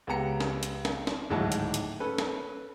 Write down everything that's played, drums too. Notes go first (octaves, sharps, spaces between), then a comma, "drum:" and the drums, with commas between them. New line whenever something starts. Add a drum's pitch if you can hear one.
C#2 B3 G4 A#5 C#7
drum: snare
drum: hi-hat
drum: snare
drum: snare
D1 D#2 G#2 F#3 E4 A5
drum: hi-hat
drum: hi-hat
C#4 A4 B4
drum: snare